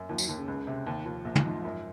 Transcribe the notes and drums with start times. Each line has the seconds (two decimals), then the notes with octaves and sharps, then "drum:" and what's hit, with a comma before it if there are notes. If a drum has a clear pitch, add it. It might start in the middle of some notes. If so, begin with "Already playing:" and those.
Already playing: F#2
0.09 D#2 F3
0.18 F#3, drum: tambourine
0.28 D#2 D#3
0.38 C#3
0.48 C#2
0.67 C3
0.87 D#2 D#3
1.06 D#2 F3
1.25 A#1
1.35 drum: tom
1.45 G#2
1.65 F#2